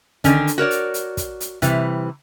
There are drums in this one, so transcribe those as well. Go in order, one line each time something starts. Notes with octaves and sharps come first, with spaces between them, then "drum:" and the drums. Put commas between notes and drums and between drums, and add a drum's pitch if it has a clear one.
D3 D#3 C#4 D4, drum: kick, hi-hat
drum: hi-hat
F#4 A#4 C#5 D5
drum: hi-hat
drum: hi-hat
drum: kick, hi-hat
drum: hi-hat
C3 E3 G3, drum: kick, hi-hat